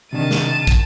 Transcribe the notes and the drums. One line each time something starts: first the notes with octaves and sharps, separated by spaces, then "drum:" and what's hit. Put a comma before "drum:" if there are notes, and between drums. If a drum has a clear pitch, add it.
C3 D#3 D4 A5 D#7
drum: snare
drum: kick, hi-hat